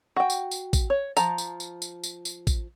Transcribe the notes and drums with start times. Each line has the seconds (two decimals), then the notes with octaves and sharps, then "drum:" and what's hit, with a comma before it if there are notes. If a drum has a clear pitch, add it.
0.16 F#4 G5
0.30 drum: tambourine
0.51 drum: tambourine
0.73 drum: kick A1, tambourine
0.90 C#5
1.17 F3 A5 A#5, drum: tambourine
1.38 drum: tambourine
1.60 drum: tambourine
1.82 drum: tambourine
2.03 drum: tambourine
2.25 drum: tambourine
2.47 drum: kick A1, tambourine